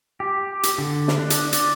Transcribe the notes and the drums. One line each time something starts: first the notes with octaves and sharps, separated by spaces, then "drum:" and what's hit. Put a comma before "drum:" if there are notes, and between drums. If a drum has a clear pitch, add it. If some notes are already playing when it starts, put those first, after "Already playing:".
G4
drum: hi-hat
D3
drum: snare
D4
drum: hi-hat
D5, drum: hi-hat